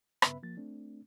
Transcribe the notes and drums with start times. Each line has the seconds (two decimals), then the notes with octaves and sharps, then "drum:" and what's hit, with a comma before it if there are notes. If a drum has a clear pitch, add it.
0.22 G2 C#3 B3 B4 E5 B5, drum: rim click
0.43 F3 A#3 A6
0.57 A3 C4 D4